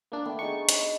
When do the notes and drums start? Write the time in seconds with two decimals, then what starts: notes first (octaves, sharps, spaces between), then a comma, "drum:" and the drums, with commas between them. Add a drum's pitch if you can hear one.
0.12 A#3 D4
0.25 A3 B3 G5
0.39 D4 D#4 G#4 C#6
0.69 drum: hi-hat